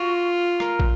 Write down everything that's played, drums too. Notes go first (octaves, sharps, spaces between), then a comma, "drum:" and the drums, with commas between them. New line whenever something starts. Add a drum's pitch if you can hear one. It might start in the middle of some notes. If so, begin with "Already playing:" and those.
Already playing: F4 F#4
A#4, drum: rim click
drum: kick